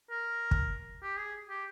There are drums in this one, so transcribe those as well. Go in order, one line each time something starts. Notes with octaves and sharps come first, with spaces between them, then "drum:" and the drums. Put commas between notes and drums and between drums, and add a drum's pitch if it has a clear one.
A#4
drum: kick
G4
G#4
G4